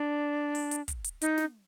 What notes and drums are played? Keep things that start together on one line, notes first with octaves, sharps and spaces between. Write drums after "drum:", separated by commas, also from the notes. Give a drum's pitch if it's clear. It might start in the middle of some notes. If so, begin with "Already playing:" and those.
Already playing: D4
drum: open hi-hat
drum: hi-hat
drum: kick, hi-hat
drum: hi-hat
D#4, drum: hi-hat
drum: snare